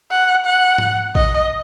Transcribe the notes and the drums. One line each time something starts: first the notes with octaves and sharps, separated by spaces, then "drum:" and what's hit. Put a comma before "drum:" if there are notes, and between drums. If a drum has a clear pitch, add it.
F#5
F#5
drum: tom G#2
D#5, drum: kick A1